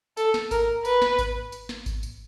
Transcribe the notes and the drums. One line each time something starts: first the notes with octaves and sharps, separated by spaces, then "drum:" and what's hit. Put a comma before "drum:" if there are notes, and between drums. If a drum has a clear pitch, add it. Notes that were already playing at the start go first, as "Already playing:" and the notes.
A4, drum: tambourine
drum: snare
A#4, drum: kick G#1, tambourine
B4, drum: tambourine
drum: snare
drum: kick G#1, tambourine
drum: tambourine
drum: snare
drum: kick G#1, tambourine
drum: tambourine